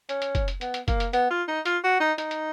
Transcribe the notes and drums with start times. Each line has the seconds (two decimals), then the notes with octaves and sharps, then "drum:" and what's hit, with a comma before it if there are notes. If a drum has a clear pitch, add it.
0.09 C#4, drum: hi-hat
0.22 drum: hi-hat
0.35 drum: kick, hi-hat
0.48 drum: hi-hat
0.61 B3, drum: hi-hat
0.74 drum: hi-hat
0.88 A#3, drum: kick, hi-hat
1.00 drum: hi-hat
1.13 B3, drum: hi-hat
1.30 F4
1.48 D#4
1.66 F4, drum: hi-hat
1.84 F#4
2.00 D#4
2.18 D#4, drum: hi-hat
2.31 drum: hi-hat